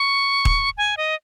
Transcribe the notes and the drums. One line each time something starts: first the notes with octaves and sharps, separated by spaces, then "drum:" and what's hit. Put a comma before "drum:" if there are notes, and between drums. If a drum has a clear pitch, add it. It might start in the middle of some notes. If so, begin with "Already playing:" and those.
Already playing: C#6
drum: kick D#1
G#5
D#5